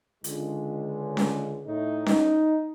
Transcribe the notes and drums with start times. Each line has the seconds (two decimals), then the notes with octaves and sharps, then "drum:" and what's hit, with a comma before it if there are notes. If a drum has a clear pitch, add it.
0.24 C#2 D3 G#3, drum: hi-hat
1.17 drum: snare C#4
1.66 A2 A3 D#4
2.06 D#4, drum: snare C#4